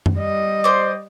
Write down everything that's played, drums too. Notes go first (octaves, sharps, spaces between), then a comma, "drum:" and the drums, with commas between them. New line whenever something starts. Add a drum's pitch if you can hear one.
drum: tom F#2
G3 D#5
C5 D5